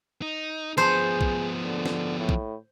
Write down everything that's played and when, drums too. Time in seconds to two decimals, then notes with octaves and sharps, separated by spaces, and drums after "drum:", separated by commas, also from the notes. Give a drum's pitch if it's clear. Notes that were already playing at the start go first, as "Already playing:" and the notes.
0.22 D#4
0.78 F3 B3 G#4 C5
1.21 drum: kick
1.63 D3
1.86 drum: snare
2.20 A2
2.29 drum: kick